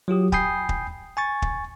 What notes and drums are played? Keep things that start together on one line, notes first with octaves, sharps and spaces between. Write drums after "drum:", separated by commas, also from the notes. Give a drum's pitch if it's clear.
F#3 F4 G4 D#6
G5 G#5 B5 D#6 G6 C7, drum: kick
drum: kick
G#5 C#6 A6
drum: kick